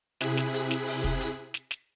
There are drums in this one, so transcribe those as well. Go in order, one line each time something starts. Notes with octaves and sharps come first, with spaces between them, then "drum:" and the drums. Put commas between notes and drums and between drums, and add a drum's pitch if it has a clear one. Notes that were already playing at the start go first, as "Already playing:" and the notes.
C3 E4 G#4 F#6 B6, drum: snare
drum: snare
drum: hi-hat
drum: snare
drum: open hi-hat
drum: kick
drum: hi-hat
drum: snare
drum: snare